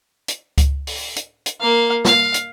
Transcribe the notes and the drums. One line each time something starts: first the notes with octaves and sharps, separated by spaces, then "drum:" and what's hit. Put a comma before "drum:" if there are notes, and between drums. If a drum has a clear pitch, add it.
drum: hi-hat
drum: kick C#2, hi-hat
drum: open hi-hat
drum: hi-hat
drum: hi-hat
A#3 F5
F5, drum: snare
drum: hi-hat